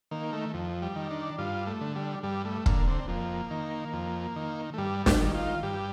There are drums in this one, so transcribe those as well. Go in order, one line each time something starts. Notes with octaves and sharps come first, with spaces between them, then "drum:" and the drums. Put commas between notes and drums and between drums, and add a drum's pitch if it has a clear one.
D#3 A#3
A3
F2
G3
D#3
D4
G2 F4
A3
D3
G3
G2 G3
A3
D3 A#3, drum: kick
C4
F2 A#3
D#3
F2
D#3
A3
G2 G3
G3, drum: snare
D#3
F4
G2 G4